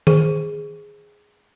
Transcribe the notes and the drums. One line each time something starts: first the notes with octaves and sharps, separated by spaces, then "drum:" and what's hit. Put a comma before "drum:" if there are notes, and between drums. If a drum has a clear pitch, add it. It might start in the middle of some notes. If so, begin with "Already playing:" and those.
G#4 C5, drum: tom D#3